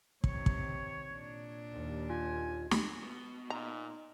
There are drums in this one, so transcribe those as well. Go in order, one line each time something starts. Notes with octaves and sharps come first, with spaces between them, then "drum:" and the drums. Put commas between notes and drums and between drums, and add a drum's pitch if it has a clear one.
C3 D#3 C#5, drum: kick
drum: kick
A#2 D4
D#2
F4 G#5
drum: snare
B2
A#2 D#4 A#5